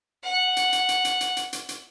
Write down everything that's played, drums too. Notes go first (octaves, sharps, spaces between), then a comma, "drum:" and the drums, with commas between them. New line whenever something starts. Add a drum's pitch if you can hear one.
F#5
drum: hi-hat
drum: hi-hat
drum: hi-hat
drum: hi-hat
drum: hi-hat
drum: hi-hat
drum: hi-hat
drum: hi-hat